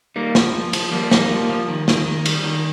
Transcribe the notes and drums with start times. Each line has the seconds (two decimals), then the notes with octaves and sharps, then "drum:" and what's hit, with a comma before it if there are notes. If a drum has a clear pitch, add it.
0.16 G3 A#3 D#4
0.35 F3, drum: snare
0.54 F3
0.73 F3, drum: cymbal
0.91 F3 G3 A#3
1.11 D#4, drum: snare
1.31 F3
1.49 F3
1.68 D#3
1.88 D#3, drum: snare
2.06 D#3
2.26 G3, drum: cymbal
2.45 D#3